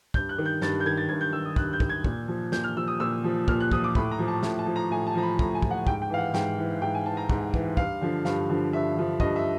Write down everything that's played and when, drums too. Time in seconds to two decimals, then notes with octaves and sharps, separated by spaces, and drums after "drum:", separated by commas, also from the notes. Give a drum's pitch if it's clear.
0.14 G2 G6, drum: kick
0.29 F#6
0.38 D#3
0.46 G6
0.62 G2 A6, drum: snare
0.80 G6
0.86 D#3 G#6
0.97 A6
1.09 G2 G#6
1.21 G6
1.33 D#3 E6
1.45 D#6
1.56 G2 F#6, drum: kick
1.73 G6
1.80 D#3, drum: kick
1.89 G#6
2.04 A#2, drum: kick
2.28 F3
2.52 A#2 G6, drum: snare
2.64 F6
2.76 F3 E6
2.88 D#6
3.00 A#2 E6
3.24 F3
3.48 A#2 F6, drum: kick
3.60 F#6
3.72 F3 D#6, drum: kick
3.84 D6
3.95 A2 B5, drum: kick
4.11 A#5
4.19 F3
4.28 A5
4.43 A2, drum: snare
4.59 A5
4.67 F3
4.76 A#5
4.90 A2 G#5
5.07 A5
5.15 F3 A#5
5.23 B5
5.39 A2 A#5, drum: kick
5.55 G#5
5.62 F3, drum: kick
5.71 F#5
5.87 G#2 G5, drum: kick
6.02 G5
6.10 E3 F5
6.18 F#5
6.34 G#2 G5, drum: snare
6.58 E3
6.82 G#2 G5
6.94 G#5
7.06 E3 A5
7.17 A#5
7.30 G#2, drum: kick
7.54 E3, drum: kick
7.77 G2 F5, drum: kick
8.01 D3 F3
8.25 G2 F5, drum: snare
8.49 D3 F3
8.73 G2 E5
8.97 D3 F3
9.20 G2 D#5, drum: kick
9.36 E5